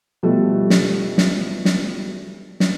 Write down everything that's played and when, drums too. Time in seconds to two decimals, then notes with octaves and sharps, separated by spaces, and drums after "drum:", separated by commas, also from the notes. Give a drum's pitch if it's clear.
0.23 B2 F3 G3 A3
0.70 drum: snare
1.18 drum: snare
1.65 drum: snare
2.60 drum: snare